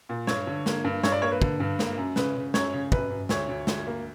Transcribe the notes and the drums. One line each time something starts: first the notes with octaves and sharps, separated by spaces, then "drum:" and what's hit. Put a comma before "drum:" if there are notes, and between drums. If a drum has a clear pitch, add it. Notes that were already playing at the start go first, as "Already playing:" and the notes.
A#2
G2 C#5, drum: snare
D3
A#3, drum: snare
G2
G2 C#5, drum: snare
D5
A#3 C#5
B4
D3, drum: kick
G2
A#3, drum: snare
F#2
C#3 B4, drum: snare
C#3
F#2 C#5, drum: snare
C#3
F#2 B4, drum: kick
F#2
D2 C#5, drum: snare
D2
D2, drum: snare
A#3